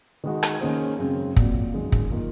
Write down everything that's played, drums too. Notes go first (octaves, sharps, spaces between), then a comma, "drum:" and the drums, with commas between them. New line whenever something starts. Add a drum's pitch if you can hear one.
D#3 G#3 D#4 F#4
drum: rim click
D#3 A#3 C#4 G#4 C5
F#2 C#3 G#3 C4
A#2 F#3 C4 F#4, drum: kick
F#2 D#3 G#3
drum: kick
D#3 A#3 F4